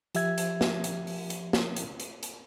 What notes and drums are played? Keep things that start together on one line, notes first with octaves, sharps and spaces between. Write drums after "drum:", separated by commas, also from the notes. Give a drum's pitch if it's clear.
F3 G4 E5 G#6, drum: hi-hat
drum: hi-hat
drum: snare
drum: hi-hat
drum: open hi-hat
drum: hi-hat
drum: snare
drum: hi-hat
drum: hi-hat
drum: hi-hat